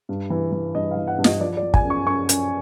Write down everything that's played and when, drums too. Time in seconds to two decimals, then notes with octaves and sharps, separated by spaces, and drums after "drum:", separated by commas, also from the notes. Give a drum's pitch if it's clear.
0.09 G2
0.30 E3
0.52 E3
0.75 G2 D#5
0.91 F5
0.97 E3
1.08 F#5
1.18 G2
1.24 D#5, drum: snare
1.41 F3 D5
1.57 D5
1.63 F3
1.74 G#5, drum: kick
1.85 F#2
1.90 C#6
2.06 F#2 C#6
2.29 F#2, drum: hi-hat